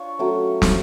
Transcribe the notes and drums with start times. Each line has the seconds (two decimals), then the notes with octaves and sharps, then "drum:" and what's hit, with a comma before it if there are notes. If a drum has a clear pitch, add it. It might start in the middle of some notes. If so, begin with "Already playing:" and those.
Already playing: D4 F4 C#5
0.19 F#3 A3 C#4
0.62 drum: snare